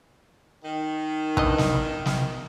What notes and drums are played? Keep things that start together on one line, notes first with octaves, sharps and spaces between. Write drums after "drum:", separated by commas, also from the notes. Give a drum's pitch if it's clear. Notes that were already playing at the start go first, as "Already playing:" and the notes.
D#3
E3 D4 D#5, drum: kick
drum: snare
drum: snare